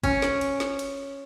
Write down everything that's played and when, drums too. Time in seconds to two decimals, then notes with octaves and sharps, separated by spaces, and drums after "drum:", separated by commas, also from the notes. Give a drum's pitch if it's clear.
0.03 C#4, drum: kick, cymbal
0.22 drum: snare
0.41 drum: cymbal
0.60 drum: snare
0.79 drum: cymbal